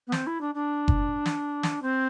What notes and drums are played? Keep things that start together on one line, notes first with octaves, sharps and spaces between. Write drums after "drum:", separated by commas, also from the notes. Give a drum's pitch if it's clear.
B3
C4, drum: snare
E4
D4
D4
drum: kick F#1
drum: snare
drum: snare
C4